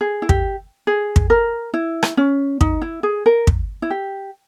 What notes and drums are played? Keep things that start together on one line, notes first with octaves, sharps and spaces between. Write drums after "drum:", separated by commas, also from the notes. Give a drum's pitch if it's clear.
G#4
E4
G4, drum: kick
G#4
drum: kick
A#4
E4
drum: rim click
C#4
D#4, drum: kick
E4
G#4
A#4
drum: kick
E4
G4